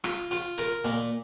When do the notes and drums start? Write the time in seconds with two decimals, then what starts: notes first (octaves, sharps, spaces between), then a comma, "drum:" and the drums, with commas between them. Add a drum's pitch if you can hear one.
0.04 F4, drum: rim click
0.31 F4, drum: hi-hat
0.58 A#4, drum: hi-hat
0.84 A#2, drum: hi-hat